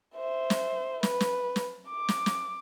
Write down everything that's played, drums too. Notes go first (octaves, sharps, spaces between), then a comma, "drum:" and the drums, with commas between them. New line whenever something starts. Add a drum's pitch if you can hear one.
C5 E5
drum: snare
B4, drum: snare
drum: snare
drum: snare
D6
drum: snare
drum: snare